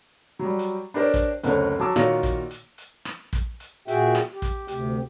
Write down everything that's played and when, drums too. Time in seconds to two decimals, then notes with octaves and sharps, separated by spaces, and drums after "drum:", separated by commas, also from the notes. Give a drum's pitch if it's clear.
0.39 F#3 G3
0.59 drum: hi-hat
0.94 D4 G4 A#4 C5 C#5
1.14 drum: kick, hi-hat
1.43 F#1 D2 C4 C#5, drum: hi-hat
1.80 F#3 A5 D6 E6
1.96 A#2 D#3 F4 F#4 C#5 A#6, drum: rim click
2.23 drum: kick, hi-hat
2.51 drum: hi-hat
2.78 drum: hi-hat
3.05 drum: rim click
3.33 drum: kick, hi-hat
3.60 drum: hi-hat
3.88 A#2 F#4 G#4 E5 G5, drum: hi-hat
4.15 drum: rim click
4.33 G4
4.42 drum: kick, hi-hat
4.68 D2 C3 G4, drum: hi-hat